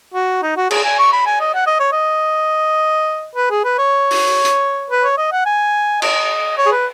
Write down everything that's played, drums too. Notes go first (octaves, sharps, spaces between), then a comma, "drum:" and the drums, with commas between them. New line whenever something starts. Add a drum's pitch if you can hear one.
F#4
D#4
F#4
G#4, drum: cymbal
G#5
C#6
B5
G#5
D#5
F#5
D#5
C#5
D#5
B4
G#4
B4
C#5
drum: open hi-hat
drum: hi-hat
B4
C#5
D#5
F#5
G#5
D#5, drum: cymbal
C#5
G#4
B4